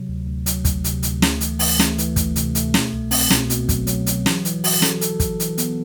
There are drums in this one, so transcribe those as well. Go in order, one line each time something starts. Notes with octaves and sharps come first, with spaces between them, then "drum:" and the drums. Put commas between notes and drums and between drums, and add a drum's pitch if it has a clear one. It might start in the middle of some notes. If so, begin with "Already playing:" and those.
Already playing: C3 F#3
D2
D2
F#3, drum: hi-hat
D2, drum: kick, hi-hat
C3, drum: hi-hat
D2, drum: hi-hat
A3, drum: snare
E3, drum: hi-hat
E3, drum: open hi-hat
A3, drum: snare
E3, drum: hi-hat
D2, drum: kick, hi-hat
C3, drum: hi-hat
A3, drum: hi-hat
B2, drum: snare
C2
C4, drum: open hi-hat
B2, drum: snare
B2, drum: hi-hat
F#3, drum: kick, hi-hat
F#3, drum: hi-hat
F#3, drum: hi-hat
E3, drum: snare
E3, drum: hi-hat
F#4, drum: open hi-hat
A4, drum: snare
A4, drum: hi-hat
A4, drum: kick, hi-hat
E3, drum: hi-hat
B3, drum: hi-hat